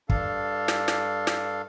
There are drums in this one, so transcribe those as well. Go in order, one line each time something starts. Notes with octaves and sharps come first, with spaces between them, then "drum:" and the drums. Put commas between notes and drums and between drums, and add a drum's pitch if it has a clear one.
G2 D4 A4 F5, drum: kick
drum: snare
drum: snare
drum: snare